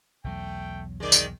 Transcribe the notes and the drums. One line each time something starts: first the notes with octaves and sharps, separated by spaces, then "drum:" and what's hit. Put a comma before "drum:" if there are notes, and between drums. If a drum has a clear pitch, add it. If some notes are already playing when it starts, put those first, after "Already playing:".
B1 E2 F#3 A3 G5
D#3 G#3 D5
drum: tambourine